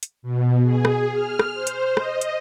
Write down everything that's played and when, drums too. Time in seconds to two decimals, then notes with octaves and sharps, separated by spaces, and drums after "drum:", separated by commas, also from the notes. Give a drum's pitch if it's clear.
0.03 drum: hi-hat
0.22 B2
0.63 G#4
0.85 drum: rim click
1.12 F6
1.39 drum: rim click
1.53 C5
1.67 drum: hi-hat
1.97 D#5, drum: rim click
2.21 drum: hi-hat